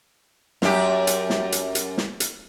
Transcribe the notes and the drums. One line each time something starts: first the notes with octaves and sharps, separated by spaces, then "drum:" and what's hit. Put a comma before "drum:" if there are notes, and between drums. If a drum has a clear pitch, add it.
F#2 G4, drum: snare
drum: hi-hat
drum: snare
drum: hi-hat
drum: hi-hat
drum: snare
drum: hi-hat